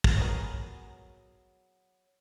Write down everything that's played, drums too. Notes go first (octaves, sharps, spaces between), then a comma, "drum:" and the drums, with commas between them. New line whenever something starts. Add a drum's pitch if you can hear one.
drum: kick
F#3 B3 G#4 A#4